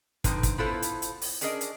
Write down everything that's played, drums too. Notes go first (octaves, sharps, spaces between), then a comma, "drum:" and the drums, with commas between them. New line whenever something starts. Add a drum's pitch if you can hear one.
D3 F3 C4 D#4 B4, drum: kick, hi-hat
drum: kick, hi-hat
B3 E4 F4 A4 B4 C5
drum: hi-hat
drum: hi-hat
drum: open hi-hat
C#4 D4 G#4 A#4 C5 D#5, drum: hi-hat
drum: hi-hat